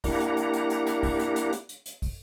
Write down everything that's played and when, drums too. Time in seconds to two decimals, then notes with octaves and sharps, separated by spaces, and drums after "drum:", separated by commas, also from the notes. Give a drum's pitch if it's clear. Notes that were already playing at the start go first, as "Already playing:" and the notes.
0.04 A#3 D4 E4 G4 F#5 A#5, drum: kick, open hi-hat
0.20 drum: hi-hat
0.37 drum: hi-hat
0.53 drum: hi-hat
0.70 drum: hi-hat
0.87 drum: hi-hat
1.03 drum: kick, open hi-hat
1.20 drum: hi-hat
1.36 drum: hi-hat
1.53 drum: hi-hat
1.69 drum: hi-hat
1.86 drum: hi-hat
2.02 drum: kick, open hi-hat